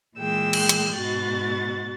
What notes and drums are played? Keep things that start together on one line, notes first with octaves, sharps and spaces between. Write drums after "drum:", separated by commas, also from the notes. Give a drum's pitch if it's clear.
A#2 E3 G#3 G5 E6
drum: cymbal
drum: hi-hat
G#2 B2 F#4 A6